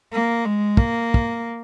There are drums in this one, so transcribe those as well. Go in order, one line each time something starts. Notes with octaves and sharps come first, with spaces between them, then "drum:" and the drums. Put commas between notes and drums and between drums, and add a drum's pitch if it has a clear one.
A#3
G#3
A#3, drum: kick
drum: kick